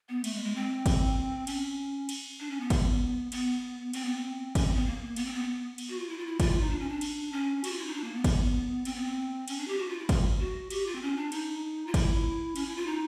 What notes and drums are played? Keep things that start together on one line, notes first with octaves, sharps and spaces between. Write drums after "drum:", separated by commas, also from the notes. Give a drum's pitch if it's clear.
B3
A3, drum: cymbal
G#3
G#3
C4
drum: kick, cymbal
C#4, drum: cymbal
drum: cymbal
D4
C#4
B3
drum: kick, cymbal
B3, drum: cymbal
C4, drum: cymbal
B3
C4
C#4, drum: kick, cymbal
C4
B3
A#3
B3, drum: cymbal
C4
B3
drum: cymbal
F#4
F4
E4
F4
E4
F4, drum: kick, cymbal
F4
D#4
D4
C#4
D4
drum: cymbal
C#4
F#4, drum: cymbal
F4
E4
D#4
D4
A#3
B3
drum: kick, cymbal
C4, drum: cymbal
B3
C4
C#4, drum: cymbal
D4
G4
F#4
F4
E4
drum: kick, cymbal
F#4
G4, drum: cymbal
F4
C4
C#4
D4
D#4, drum: cymbal
F4
E4, drum: kick, cymbal
C#4, drum: cymbal
E4
F4
D#4